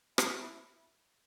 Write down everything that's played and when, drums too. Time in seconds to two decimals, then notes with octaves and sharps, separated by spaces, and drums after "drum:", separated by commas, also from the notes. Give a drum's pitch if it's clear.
0.18 E4, drum: rim click